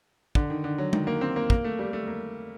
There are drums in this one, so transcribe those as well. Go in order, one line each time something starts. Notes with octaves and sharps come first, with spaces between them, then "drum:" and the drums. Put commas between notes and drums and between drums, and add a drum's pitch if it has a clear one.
D3, drum: kick
D#3
D3
F#3
D#3, drum: tom G#3
A#3
C4
A#3
A#3, drum: kick
A3
G3
A3
A#3